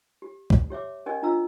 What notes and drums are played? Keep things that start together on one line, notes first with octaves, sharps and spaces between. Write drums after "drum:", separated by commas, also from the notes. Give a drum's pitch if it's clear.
G4
drum: kick
G4 C#5 E5 D6
C#4 G4 A#4 D5 D#5 G#5
D4 F4 D#5 A#5 E6